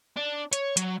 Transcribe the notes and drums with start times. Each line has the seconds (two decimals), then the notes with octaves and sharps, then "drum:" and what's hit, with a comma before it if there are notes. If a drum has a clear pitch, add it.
0.17 D4
0.53 C#5, drum: hi-hat
0.77 F#3, drum: hi-hat